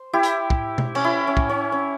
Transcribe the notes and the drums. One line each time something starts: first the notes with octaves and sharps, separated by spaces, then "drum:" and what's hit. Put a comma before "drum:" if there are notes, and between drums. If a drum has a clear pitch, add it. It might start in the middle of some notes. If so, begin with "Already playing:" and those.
Already playing: C5
E4 G4
drum: hi-hat
drum: kick
drum: tom B2
C#4, drum: cymbal
E4
C#4
drum: kick
C#4
C#4